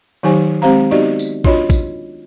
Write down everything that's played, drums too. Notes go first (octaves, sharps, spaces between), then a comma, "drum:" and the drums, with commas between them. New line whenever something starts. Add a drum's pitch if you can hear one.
D#3 F#3 D#4 G4 C5 G#5
G#3 C4 G4 C5 F5 A#5
B3 D#4 F#4 G4 D5 D#5
drum: tambourine
D4 F4 F#4 C#5 D#5 B5, drum: kick
drum: kick, tambourine